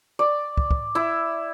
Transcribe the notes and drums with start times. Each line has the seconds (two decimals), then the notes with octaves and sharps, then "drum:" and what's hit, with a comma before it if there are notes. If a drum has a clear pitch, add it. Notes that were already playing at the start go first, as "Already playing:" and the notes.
0.19 D5
0.57 drum: kick
0.71 drum: kick
0.95 E4